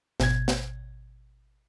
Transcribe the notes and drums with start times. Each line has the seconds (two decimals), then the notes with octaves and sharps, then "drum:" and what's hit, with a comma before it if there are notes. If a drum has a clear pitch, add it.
0.20 G#1 B2 G#6, drum: snare
0.48 drum: snare